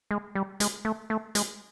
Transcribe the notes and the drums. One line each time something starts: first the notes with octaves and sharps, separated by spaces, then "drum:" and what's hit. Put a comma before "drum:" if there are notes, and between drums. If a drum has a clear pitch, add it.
G#3
G3
G#3, drum: hi-hat
A3
A3
G#3, drum: hi-hat